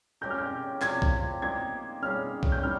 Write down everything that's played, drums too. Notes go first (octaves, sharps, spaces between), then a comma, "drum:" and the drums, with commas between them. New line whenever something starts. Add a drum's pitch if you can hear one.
G#3 C#4 G4 A#4 G6
F6
G6
C3 F3 C4 G4 G#6, drum: clap
drum: kick B1
A#3 D#4 G4 C5 G#6
G3 C#4 G#4 F6
drum: kick B1
G6
D#3 G3 F6